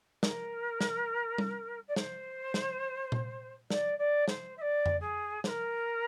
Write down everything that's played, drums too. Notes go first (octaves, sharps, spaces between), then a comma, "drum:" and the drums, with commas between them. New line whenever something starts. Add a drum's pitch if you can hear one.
A#4, drum: snare
drum: snare
drum: tom G3
D5
C5, drum: snare
drum: snare
drum: tom A#2
D5, drum: snare
D5
C5, drum: snare
E5
D5
drum: tom F2
G#4
C5, drum: snare
A#4